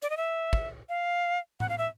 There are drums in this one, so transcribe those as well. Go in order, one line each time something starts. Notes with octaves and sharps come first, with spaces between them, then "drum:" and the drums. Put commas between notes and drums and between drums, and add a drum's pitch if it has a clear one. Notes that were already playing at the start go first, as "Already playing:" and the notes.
D5, drum: hi-hat
D#5
E5
drum: kick
F5
F#5, drum: tom A2
F5
E5